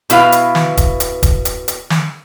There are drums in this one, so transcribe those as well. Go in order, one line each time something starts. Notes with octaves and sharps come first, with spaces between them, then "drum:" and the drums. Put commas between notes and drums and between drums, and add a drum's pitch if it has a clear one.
B2 E4 B4 F5, drum: hi-hat
drum: hi-hat
drum: snare
drum: kick D#1, hi-hat
drum: hi-hat
drum: kick D#1, hi-hat
drum: hi-hat
drum: hi-hat
drum: snare